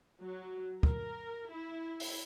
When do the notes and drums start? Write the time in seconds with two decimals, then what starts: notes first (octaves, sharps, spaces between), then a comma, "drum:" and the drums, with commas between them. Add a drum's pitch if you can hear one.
0.23 F#3
0.83 A#4, drum: kick
1.52 E4
2.00 drum: open hi-hat